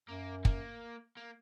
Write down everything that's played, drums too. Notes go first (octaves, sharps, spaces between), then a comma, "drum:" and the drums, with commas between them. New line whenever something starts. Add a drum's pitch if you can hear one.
F#2 A#3
A#3, drum: kick
A#3